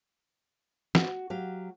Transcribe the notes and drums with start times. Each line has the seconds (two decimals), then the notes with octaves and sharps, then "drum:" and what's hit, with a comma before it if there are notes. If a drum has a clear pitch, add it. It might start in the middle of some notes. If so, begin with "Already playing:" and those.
0.95 F#4, drum: snare
1.30 F#3 G4 F5